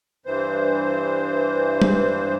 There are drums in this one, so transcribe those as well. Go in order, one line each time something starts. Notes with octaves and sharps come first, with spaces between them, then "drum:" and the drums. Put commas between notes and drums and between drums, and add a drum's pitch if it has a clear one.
G2 E3 C5
drum: tom G3